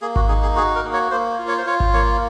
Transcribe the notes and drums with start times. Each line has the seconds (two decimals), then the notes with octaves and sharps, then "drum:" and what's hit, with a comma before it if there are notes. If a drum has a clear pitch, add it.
0.02 A#3 G#4
0.16 F#4, drum: kick G#1
0.28 D#4 G#4
0.42 G#4
0.56 F#4 G#4
0.75 A#4
0.84 A#3
0.93 C#5
1.11 A#3 C5
1.39 F4
1.48 C#5
1.58 C5
1.66 F4 C#5
1.80 drum: kick G#1
1.93 A#3 C#5